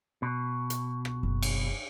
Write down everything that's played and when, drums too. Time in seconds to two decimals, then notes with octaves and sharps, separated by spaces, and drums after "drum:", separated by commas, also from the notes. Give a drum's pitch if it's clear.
0.22 B2
0.70 drum: hi-hat
1.05 drum: rim click
1.23 F#1
1.42 drum: cymbal